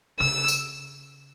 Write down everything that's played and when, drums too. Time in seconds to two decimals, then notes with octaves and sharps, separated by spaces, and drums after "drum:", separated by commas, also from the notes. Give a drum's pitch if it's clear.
0.20 C#3 E6
0.48 drum: tambourine